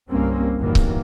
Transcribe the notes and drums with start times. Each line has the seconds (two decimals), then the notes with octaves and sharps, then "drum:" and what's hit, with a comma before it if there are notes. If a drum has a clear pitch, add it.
0.10 G1 C2 G3 A#3 C4 C#4
0.58 G1 E2 D#3 E3 F#3 A#3
0.75 drum: kick C#1